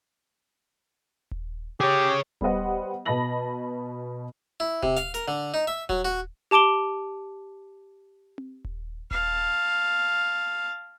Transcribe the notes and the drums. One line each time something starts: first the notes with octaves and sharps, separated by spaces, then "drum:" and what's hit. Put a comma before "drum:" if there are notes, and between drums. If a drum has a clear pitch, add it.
drum: kick D#1
G4 G#4 C#5
G3 B3 G4 C5 D#5 F#5, drum: kick D#1
B2 D#5 A5 B5 A#6 F#7
E4
C3, drum: kick D#1
F5, drum: snare
A#4, drum: hi-hat
D3
D#4
E5
F#3, drum: kick D#1
F#4
G4 A5 D6 D7 G7
drum: tom C4
drum: kick D#1
F5 A5, drum: kick D#1